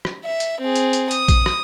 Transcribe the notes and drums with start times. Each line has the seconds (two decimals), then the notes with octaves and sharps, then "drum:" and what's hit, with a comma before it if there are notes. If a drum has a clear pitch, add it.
0.05 drum: rim click
0.25 E5
0.40 drum: hi-hat
0.61 C4 G#4
0.75 drum: hi-hat
0.93 drum: hi-hat
1.11 D#6, drum: hi-hat
1.28 drum: kick A#1, hi-hat
1.46 drum: rim click